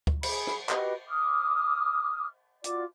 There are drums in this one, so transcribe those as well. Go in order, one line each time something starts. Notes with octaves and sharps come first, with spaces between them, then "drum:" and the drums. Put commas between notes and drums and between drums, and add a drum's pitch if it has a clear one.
drum: kick
G#4 B5, drum: cymbal
drum: rim click
F#4 G4 B4 D#5, drum: clap
D6 D#6 F6
F4 F#4 D5 D6, drum: hi-hat